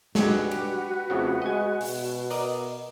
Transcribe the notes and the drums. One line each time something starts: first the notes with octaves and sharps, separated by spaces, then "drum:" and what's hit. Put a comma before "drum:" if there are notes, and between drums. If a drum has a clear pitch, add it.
G2 F#3 G#3 F#4 G4 B4, drum: snare
G4, drum: cymbal
F2 C#3 F3 A3
G#3 D#5 G#5
B2, drum: open hi-hat
A#4 D5 D#5, drum: open hi-hat